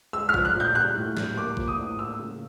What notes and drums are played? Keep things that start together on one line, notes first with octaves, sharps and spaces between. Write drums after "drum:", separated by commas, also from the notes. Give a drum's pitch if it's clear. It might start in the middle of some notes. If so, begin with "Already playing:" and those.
G#3 E6
F6
F3, drum: kick
F#6
A#2
G6
G3 F#6
A2
G3, drum: snare
A#3 D6
F3, drum: kick
D#6
A2
A#3 E6
C#3